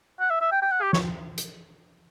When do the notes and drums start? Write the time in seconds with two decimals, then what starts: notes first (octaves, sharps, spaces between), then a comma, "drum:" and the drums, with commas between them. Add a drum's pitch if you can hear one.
0.20 F#5
0.31 E5
0.41 E5
0.52 G5
0.62 G5
0.72 F#5
0.82 G4
0.93 C#5, drum: snare
1.38 drum: hi-hat